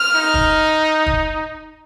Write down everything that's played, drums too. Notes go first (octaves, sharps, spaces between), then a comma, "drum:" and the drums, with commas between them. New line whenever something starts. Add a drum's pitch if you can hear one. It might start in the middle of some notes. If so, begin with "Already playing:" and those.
Already playing: F6
D#4
drum: kick
drum: kick